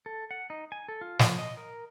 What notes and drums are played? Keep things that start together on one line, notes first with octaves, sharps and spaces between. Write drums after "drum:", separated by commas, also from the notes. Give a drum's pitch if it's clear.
A4
F#5
D#4
G#5
A4
F4
F3, drum: snare
D#5
A#4